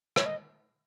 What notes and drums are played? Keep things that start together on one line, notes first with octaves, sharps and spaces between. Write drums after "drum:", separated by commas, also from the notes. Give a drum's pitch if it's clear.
C#5, drum: rim click
D#5